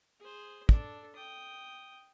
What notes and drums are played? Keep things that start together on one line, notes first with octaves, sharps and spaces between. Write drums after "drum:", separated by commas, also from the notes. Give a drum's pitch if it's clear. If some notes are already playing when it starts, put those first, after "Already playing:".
G#4 C5
D4 A4, drum: kick
G5 D#6